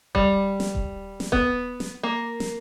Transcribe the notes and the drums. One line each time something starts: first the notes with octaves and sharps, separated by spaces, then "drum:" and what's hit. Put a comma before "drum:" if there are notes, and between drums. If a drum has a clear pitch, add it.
G3, drum: kick D#1
drum: snare
drum: kick D#1
drum: snare
B3, drum: kick D#1
drum: snare
A#3
drum: snare